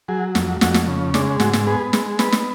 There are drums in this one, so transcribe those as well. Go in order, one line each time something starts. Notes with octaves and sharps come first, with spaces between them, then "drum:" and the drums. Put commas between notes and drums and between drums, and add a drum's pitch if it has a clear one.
F#3 G#4
F2, drum: snare
F2 F#4, drum: snare
drum: snare
C#3
G#3 D4, drum: snare
G#2 F#4, drum: snare
drum: snare
B3 G#4
G#3, drum: snare
B3 B4, drum: snare
drum: snare